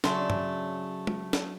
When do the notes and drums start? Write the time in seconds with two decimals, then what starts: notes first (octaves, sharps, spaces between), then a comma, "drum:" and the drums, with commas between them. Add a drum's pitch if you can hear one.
0.04 C#3 F#3 A3 C#4 D4 C6, drum: snare
0.30 drum: tom G2
1.07 drum: tom
1.33 drum: snare